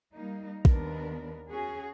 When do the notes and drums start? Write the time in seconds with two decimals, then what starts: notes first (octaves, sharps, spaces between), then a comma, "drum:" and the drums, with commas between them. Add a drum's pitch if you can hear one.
0.15 G3 A#3 D#4
0.65 D#2 B3 D4 A#4, drum: kick
1.50 C#4 F#4 G#4